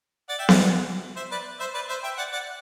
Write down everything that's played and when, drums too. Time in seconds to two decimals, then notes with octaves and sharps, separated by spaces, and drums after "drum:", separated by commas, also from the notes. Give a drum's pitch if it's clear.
0.29 D5 F#5
0.39 E5 G5
0.49 D5 F#5, drum: snare B3
1.16 C5 E5
1.31 B4 D5
1.60 C5 E5
1.74 B4 D5
1.89 C5 E5
2.03 E5 G5
2.17 D5 F#5
2.32 D5 F#5